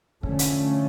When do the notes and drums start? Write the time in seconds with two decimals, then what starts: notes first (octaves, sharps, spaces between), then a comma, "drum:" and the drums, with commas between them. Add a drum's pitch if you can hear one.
0.23 D3 F3 A3 C#4, drum: kick
0.39 drum: hi-hat